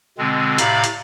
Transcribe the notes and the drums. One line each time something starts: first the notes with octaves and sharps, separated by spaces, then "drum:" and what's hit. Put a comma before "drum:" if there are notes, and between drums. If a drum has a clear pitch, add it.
B2 D3 G#3 C4
A2 C3 D5 F5 A#5 B5, drum: hi-hat
drum: hi-hat